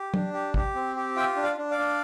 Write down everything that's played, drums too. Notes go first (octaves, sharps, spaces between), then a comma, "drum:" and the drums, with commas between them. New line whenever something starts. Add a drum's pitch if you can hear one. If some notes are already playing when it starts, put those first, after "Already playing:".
Already playing: G4
D4, drum: tom F#3
G4
G4, drum: kick
C4
G4
F4 E5 G5
D4
D5 F5
D4
D5 F5
D4